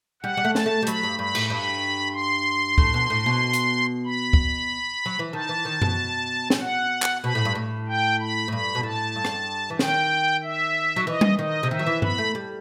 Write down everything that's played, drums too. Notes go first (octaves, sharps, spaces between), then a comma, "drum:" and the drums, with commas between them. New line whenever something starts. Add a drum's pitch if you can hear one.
G3 F#5
G3
A3
A5, drum: snare
A3
G3
F#3 B5, drum: hi-hat
G2
G2 B5
A2, drum: cymbal
G2 B5
C6
A2, drum: kick C#2
B2
A2
B2
drum: hi-hat
B5
drum: kick C#2
F#3
E3
D#3 A5
E3
D#3
B2, drum: tom F#2
drum: snare
F#5
drum: clap
B2 B5
A2
G2
A2
G5
B5
A2
G2 B5
B2
A2 A5
G2
drum: rim click
E3
D#3 G5, drum: snare
E5
F#3
E3 D#5
drum: tom G3
D#3 D#5
C3
D#3 E5
F#3
E3
B3 B5, drum: tom G2
A3
G3